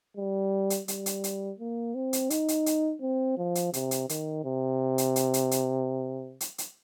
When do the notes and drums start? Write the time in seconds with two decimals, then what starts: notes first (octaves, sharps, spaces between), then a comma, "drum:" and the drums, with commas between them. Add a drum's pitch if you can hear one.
0.17 G3
0.70 drum: hi-hat
0.88 G3, drum: hi-hat
1.06 drum: hi-hat
1.24 drum: hi-hat
1.59 A#3
1.95 C4
2.13 drum: hi-hat
2.30 D#4, drum: hi-hat
2.48 drum: hi-hat
2.66 drum: hi-hat
3.02 C4
3.37 F3
3.55 drum: hi-hat
3.73 C3, drum: hi-hat
3.91 drum: hi-hat
4.09 D#3, drum: hi-hat
4.44 C3
4.98 drum: hi-hat
5.16 drum: hi-hat
5.34 drum: hi-hat
5.51 drum: hi-hat
6.40 drum: hi-hat
6.58 drum: hi-hat